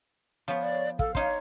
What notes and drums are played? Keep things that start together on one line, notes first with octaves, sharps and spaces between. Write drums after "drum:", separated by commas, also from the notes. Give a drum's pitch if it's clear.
F3 B3 C#5
D5
A4 F5, drum: kick
D#4 C5 C#5, drum: kick